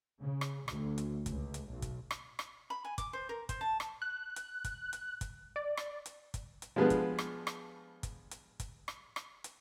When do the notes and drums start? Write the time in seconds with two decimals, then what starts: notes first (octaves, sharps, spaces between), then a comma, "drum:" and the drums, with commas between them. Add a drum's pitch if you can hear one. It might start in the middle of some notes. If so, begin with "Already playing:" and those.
0.20 C#3
0.41 drum: rim click
0.68 D2, drum: rim click
0.98 drum: hi-hat
1.26 C#2, drum: kick, hi-hat
1.54 drum: hi-hat
1.65 B1
1.82 drum: kick, hi-hat
2.11 drum: rim click
2.39 drum: rim click
2.70 B5
2.85 G#5
2.98 D6, drum: kick, hi-hat
3.13 C5
3.29 A#4
3.49 C5, drum: kick, hi-hat
3.61 A5
3.80 drum: rim click
4.02 F#6
4.36 drum: hi-hat
4.64 drum: kick, hi-hat
4.93 drum: hi-hat
5.21 drum: kick, hi-hat
5.56 D5
5.77 drum: rim click
6.06 drum: hi-hat
6.34 drum: kick, hi-hat
6.62 drum: hi-hat
6.76 F3 G3 G#3 B3 D4 B4
6.90 drum: kick, hi-hat
7.18 drum: rim click
7.47 drum: rim click
8.03 drum: kick, hi-hat
8.31 drum: hi-hat
8.60 drum: kick, hi-hat
8.88 drum: rim click
9.16 drum: rim click
9.44 drum: hi-hat